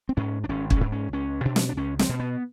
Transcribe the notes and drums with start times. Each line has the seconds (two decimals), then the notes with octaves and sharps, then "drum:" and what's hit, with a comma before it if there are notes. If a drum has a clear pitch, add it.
0.09 C4
0.17 G#2 C#4
0.44 D4
0.49 G#1 C#4
0.70 C#4, drum: kick
0.81 G#2
0.92 C#4
1.13 C#2 C#4
1.45 B2 D4
1.56 drum: snare
1.69 D4
1.77 C#2 C#4
1.99 C4, drum: snare
2.09 B2
2.20 B3